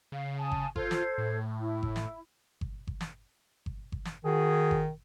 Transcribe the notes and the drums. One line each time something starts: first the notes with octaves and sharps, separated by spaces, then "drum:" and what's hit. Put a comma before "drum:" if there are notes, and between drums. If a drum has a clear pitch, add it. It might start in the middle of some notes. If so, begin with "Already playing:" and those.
C#3 F5
G#5 A5 D#6
drum: kick G1
F4 A4 C5 G#6, drum: kick G1
drum: snare
A2
E4
drum: kick G1
drum: snare
drum: kick G1
drum: kick G1
drum: snare
drum: kick G1
drum: kick G1
drum: snare
D#3 F#4 G#4
drum: kick G1